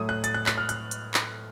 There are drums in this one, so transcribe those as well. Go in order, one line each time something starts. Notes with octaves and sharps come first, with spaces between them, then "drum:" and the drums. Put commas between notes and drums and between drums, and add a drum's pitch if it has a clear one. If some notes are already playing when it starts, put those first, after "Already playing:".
Already playing: A2 F#3 A3 D#6
F#6
A6, drum: hi-hat
F#6
F#6, drum: clap
F6
F#6, drum: hi-hat
drum: hi-hat
drum: clap